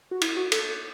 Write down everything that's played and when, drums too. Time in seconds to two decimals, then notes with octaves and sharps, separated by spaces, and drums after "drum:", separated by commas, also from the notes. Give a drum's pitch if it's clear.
0.11 F#4
0.21 E4, drum: cymbal
0.37 F#4
0.52 A4, drum: cymbal